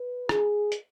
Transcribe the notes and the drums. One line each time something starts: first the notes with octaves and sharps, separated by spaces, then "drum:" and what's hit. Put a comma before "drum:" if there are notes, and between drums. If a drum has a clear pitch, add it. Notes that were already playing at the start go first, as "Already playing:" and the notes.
Already playing: B4
G#4, drum: rim click
drum: hi-hat